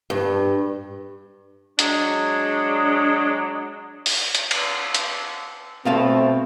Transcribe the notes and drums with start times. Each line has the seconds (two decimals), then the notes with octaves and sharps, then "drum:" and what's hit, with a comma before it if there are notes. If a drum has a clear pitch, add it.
0.10 G2
1.79 F#3 G#3 D4, drum: hi-hat
4.06 drum: open hi-hat
4.35 drum: hi-hat
4.51 drum: cymbal
4.94 drum: hi-hat
5.85 B2 A3 C4 F5 A5